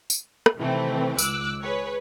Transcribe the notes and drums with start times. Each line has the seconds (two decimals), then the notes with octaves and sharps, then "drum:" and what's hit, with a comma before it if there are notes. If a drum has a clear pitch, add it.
0.10 drum: tambourine
0.46 drum: rim click
0.56 C3 D#3 E3 A3 C4
1.18 C#2 D6 E6 F#6, drum: tambourine
1.63 G#4 B4 C#5